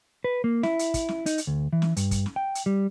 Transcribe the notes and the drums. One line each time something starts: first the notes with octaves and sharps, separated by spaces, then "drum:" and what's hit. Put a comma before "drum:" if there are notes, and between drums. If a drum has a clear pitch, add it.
B4
A#3
E4, drum: snare
drum: hi-hat
drum: kick, hi-hat
drum: snare
D#4, drum: hi-hat
drum: hi-hat
D2
E3
drum: snare
G2, drum: hi-hat
drum: kick, hi-hat
drum: snare
G5
drum: hi-hat
G3